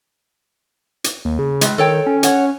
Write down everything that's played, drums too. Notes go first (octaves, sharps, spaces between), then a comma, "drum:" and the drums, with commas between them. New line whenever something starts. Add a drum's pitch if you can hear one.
drum: hi-hat
D#2
C#3
A2 G#3, drum: hi-hat
D#3 A4 C#5 G5
C#4
C#5 F#5, drum: hi-hat